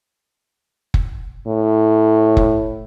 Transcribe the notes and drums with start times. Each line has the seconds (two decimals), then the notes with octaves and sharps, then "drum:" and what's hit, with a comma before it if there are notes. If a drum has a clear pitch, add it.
0.94 drum: kick
1.47 A2
2.37 drum: kick